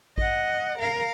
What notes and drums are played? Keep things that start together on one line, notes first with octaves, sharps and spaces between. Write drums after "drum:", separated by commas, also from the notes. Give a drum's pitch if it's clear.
D#5 F#5, drum: kick A1
A#4 F5